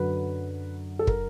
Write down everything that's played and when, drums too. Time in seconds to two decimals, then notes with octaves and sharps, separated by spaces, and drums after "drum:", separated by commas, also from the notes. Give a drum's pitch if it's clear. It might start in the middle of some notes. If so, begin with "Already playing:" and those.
Already playing: F#2 D3 F#3 B4
0.99 A4
1.07 A#4, drum: kick